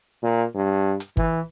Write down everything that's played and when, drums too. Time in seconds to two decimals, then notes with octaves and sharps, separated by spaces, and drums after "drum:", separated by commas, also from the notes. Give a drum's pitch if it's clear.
0.23 A#2
0.55 G2
1.00 drum: hi-hat
1.17 E3, drum: kick G1